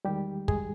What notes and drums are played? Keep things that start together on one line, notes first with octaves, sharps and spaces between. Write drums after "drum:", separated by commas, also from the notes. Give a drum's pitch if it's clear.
E2 D#3 G3 G#3 G4
G#3 G#4, drum: kick